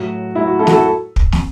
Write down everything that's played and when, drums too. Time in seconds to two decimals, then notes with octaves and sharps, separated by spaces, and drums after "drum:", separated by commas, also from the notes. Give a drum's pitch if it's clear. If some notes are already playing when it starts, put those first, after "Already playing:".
Already playing: A2 F#3 F#4
0.35 A2 F#3 E4
0.47 F#4
0.59 E4 A4
0.67 F#4, drum: snare
0.71 E4 A4
1.16 drum: kick
1.32 drum: snare